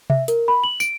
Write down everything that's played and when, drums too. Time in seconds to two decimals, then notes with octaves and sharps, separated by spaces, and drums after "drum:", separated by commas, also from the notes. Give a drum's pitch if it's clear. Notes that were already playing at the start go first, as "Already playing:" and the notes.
0.10 E5, drum: tom C3
0.28 A#4, drum: hi-hat
0.48 B5
0.64 F#7
0.80 D7, drum: tambourine